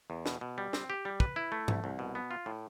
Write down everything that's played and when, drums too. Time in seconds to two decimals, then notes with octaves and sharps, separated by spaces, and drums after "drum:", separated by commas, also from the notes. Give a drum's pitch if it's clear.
0.10 E2
0.26 B2, drum: snare
0.41 B2
0.58 G3
0.73 C4, drum: snare
0.90 G4
1.05 G3
1.20 B4, drum: kick
1.36 E4
1.52 A3
1.68 C2, drum: tom G#2
1.84 C2
1.99 B2
2.15 B3
2.31 F4
2.46 A2